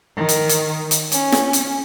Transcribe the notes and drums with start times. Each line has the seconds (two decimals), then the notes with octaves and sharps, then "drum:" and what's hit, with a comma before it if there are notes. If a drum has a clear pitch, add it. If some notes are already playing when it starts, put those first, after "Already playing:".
0.16 D#3
0.29 drum: hi-hat
0.49 drum: hi-hat
0.91 drum: hi-hat
1.12 C#4, drum: hi-hat
1.32 drum: snare
1.53 drum: hi-hat